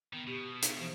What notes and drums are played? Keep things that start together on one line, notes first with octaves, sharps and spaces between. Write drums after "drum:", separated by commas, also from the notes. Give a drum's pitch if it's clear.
D#3 B3
B2 G4
drum: hi-hat
E3 F3 C5